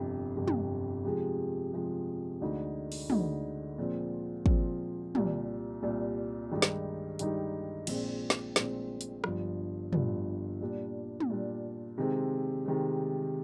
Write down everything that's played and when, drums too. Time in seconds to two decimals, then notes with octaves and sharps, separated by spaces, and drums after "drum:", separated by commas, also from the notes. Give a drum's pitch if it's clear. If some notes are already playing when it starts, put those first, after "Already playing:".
Already playing: G1 F2 C3
0.36 G1 F2 C3
0.48 drum: tom
1.05 C3 F3 G#3
1.74 C3 F3 G#3
2.41 D2 D3 G#3 D#4
2.92 drum: open hi-hat
3.10 D2 D3 G#3 D#4, drum: tom
3.78 A#2 F3 G#3 C4
4.46 A#2 F3 G#3 C4, drum: kick
5.15 C2 A#2 G3, drum: tom
5.82 C2 A#2 G3
6.51 G2 D#3 G#3 D#4 G4
6.62 drum: snare
7.19 G2 D#3 G#3 D#4 G4, drum: hi-hat
7.87 A#1 A#2 G#3 C4, drum: cymbal
8.30 drum: snare
8.56 A#1 A#2 G#3 C4, drum: snare
9.01 drum: hi-hat
9.24 G1 G2 F3, drum: rim click
9.93 G1 G2 F3, drum: tom
10.61 A#2 G3 D4
11.20 drum: tom
11.30 A#2 G3 D4
11.98 C3 D#3 G#3 C4
12.66 C3 D#3 G#3 C4